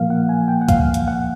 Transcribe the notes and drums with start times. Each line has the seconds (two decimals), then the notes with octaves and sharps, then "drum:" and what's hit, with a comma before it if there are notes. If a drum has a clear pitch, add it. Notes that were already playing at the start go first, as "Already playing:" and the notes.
Already playing: A#2 F3 A#3 F5
0.10 F#5
0.29 G#5
0.48 G5
0.62 F#5
0.69 F5, drum: kick C2, hi-hat
0.94 drum: hi-hat
1.08 F#5